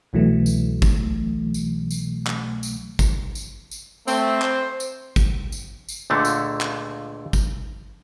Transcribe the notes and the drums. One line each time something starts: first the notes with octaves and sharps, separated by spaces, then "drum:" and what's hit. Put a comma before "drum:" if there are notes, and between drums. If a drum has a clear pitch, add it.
C2 B2 E3 F#3 A3
drum: tambourine
drum: kick, tambourine
drum: tambourine
drum: tambourine
drum: clap
drum: tambourine
drum: kick, tambourine
drum: tambourine
drum: tambourine
A3 C4, drum: tambourine
C5, drum: clap
drum: tambourine
drum: kick, tambourine
drum: tambourine
drum: tambourine
C#2 A#2 D3 A3
drum: tambourine
drum: clap
drum: kick, tambourine